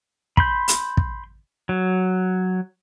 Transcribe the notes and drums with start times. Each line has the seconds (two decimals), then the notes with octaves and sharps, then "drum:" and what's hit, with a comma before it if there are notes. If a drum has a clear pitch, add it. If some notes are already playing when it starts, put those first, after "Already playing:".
0.37 B5 C6 G6, drum: kick
0.68 drum: hi-hat
0.97 drum: kick
1.69 F#3